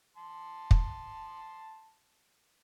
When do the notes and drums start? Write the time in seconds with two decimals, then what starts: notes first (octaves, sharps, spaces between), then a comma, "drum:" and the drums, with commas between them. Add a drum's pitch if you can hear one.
0.17 A5 C6
0.71 drum: kick